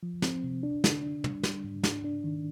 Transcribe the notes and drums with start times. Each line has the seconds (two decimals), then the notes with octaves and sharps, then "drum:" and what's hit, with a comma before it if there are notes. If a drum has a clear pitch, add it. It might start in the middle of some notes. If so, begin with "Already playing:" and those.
0.03 F3
0.22 C4, drum: snare
0.44 C3
0.63 D4
0.84 D3, drum: snare
1.03 D4
1.24 G3, drum: tom
1.43 G3, drum: snare
1.64 G#2
1.83 D4, drum: snare
2.04 D4
2.24 D#3